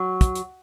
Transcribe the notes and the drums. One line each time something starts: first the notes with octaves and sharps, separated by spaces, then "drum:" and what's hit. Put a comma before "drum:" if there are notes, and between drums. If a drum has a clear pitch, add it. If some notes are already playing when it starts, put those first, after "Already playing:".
Already playing: F#3
drum: kick, hi-hat
drum: hi-hat